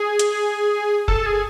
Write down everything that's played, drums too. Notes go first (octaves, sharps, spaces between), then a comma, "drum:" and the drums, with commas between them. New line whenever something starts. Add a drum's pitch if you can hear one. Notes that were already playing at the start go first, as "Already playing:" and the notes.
Already playing: G#4
drum: hi-hat
A4, drum: kick F1
G#4